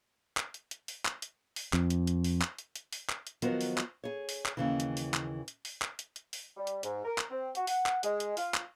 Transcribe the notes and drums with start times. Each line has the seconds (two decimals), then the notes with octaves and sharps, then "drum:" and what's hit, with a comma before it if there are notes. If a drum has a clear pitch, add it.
0.37 drum: clap
0.54 drum: hi-hat
0.71 drum: hi-hat
0.88 drum: open hi-hat
1.05 drum: clap
1.22 drum: hi-hat
1.56 drum: open hi-hat
1.73 F2, drum: clap
1.90 drum: hi-hat
2.07 drum: hi-hat
2.24 drum: open hi-hat
2.41 drum: clap
2.58 drum: hi-hat
2.76 drum: hi-hat
2.93 drum: open hi-hat
3.10 drum: clap
3.27 drum: hi-hat
3.42 D#3 F3 F#3 B3 A#4 C5, drum: hi-hat
3.61 drum: open hi-hat
3.78 drum: clap
4.04 G#4 C#5
4.29 drum: open hi-hat
4.46 drum: clap
4.57 D#2 C#3 E3
4.80 drum: hi-hat
4.97 drum: open hi-hat
5.14 drum: clap
5.48 drum: hi-hat
5.65 drum: open hi-hat
5.82 drum: clap
5.99 drum: hi-hat
6.16 drum: hi-hat
6.33 drum: open hi-hat
6.57 G3
6.67 drum: hi-hat
6.83 G#2, drum: hi-hat
7.05 A#4
7.18 drum: clap
7.30 C4
7.55 F#4, drum: hi-hat
7.67 F#5, drum: open hi-hat
7.86 drum: clap
8.03 G#3, drum: hi-hat
8.20 drum: hi-hat
8.37 F4, drum: open hi-hat
8.54 drum: clap